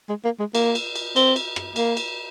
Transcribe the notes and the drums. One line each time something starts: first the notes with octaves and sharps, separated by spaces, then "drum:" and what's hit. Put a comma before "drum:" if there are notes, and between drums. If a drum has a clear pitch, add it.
G#3
A#3
G#3
A#3, drum: cymbal
drum: cymbal
drum: cymbal
C4, drum: cymbal
drum: cymbal
drum: rim click
A#3, drum: cymbal
drum: cymbal